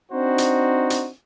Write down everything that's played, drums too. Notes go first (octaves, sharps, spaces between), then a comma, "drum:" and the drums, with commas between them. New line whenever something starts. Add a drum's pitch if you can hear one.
C4 D4 D#4 F#4 C5
drum: hi-hat
drum: hi-hat